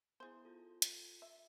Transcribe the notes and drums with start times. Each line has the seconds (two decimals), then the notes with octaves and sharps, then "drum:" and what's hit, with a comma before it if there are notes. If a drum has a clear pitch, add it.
0.20 B3 E4 G#4 C5
0.45 F4 A4
0.82 drum: hi-hat
1.22 E5